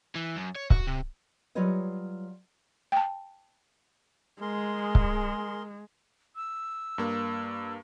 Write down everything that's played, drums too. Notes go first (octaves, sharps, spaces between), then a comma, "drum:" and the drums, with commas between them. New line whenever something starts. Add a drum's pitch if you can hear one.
E3
F#2
C#5
F#4, drum: kick C#1
C3
F#3 G3 F4 B4 C#5 D#5
G5 A5
G#3 G#4 A#4 C6
drum: kick C#1
E6
G2 A#3